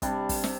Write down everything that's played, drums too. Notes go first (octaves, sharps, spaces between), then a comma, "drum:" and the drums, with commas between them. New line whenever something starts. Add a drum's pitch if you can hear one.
C3 G3 D4, drum: kick, hi-hat
drum: kick, open hi-hat
C3, drum: snare